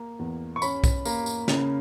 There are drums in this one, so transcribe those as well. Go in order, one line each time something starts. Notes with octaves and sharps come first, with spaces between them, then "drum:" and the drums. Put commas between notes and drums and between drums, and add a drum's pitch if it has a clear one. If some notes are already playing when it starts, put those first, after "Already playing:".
Already playing: A#3
E2
C#6
C#4 B5, drum: tambourine
drum: kick B1, tambourine
A#3, drum: tambourine
drum: tambourine
C#3, drum: snare